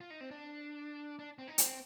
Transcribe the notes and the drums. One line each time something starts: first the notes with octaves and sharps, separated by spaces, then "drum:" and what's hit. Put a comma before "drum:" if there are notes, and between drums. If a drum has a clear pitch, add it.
F4
D#4
C4
D4
D4
C4
D#4
C4, drum: hi-hat